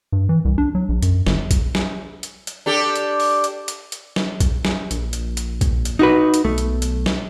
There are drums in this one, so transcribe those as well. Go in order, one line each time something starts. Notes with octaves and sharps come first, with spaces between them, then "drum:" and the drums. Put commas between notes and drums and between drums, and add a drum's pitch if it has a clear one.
G2
E3
C2
D4
F#3
A#1
F#2, drum: hi-hat
G1, drum: snare
drum: kick A#1, hi-hat
drum: snare
drum: hi-hat
drum: hi-hat
D4 G4 A4
drum: hi-hat
drum: open hi-hat
drum: hi-hat
drum: hi-hat
drum: hi-hat
drum: snare
drum: kick A#1, hi-hat
drum: snare
A#1, drum: hi-hat
drum: hi-hat
drum: hi-hat
drum: kick A#1, hi-hat
drum: hi-hat
D#4 F#4 B4
drum: hi-hat
B1 A3
drum: hi-hat
drum: hi-hat
drum: snare